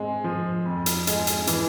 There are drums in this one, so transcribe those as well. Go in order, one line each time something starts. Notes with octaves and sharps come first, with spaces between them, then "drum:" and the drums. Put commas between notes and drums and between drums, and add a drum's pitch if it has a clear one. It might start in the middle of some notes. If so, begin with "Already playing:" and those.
Already playing: G#3 C4
F3
F2
drum: hi-hat
G#3, drum: hi-hat
drum: hi-hat
E3, drum: hi-hat